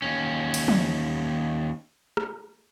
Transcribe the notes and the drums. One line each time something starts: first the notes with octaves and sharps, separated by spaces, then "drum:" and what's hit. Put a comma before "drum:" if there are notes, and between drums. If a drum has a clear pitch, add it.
D#2 C#4
drum: cymbal
drum: tom
drum: rim click